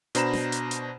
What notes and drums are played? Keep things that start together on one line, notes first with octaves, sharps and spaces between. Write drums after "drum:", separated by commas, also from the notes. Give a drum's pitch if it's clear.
B2 D4 C5 A#5 B5 E7, drum: hi-hat
drum: snare
drum: hi-hat
drum: hi-hat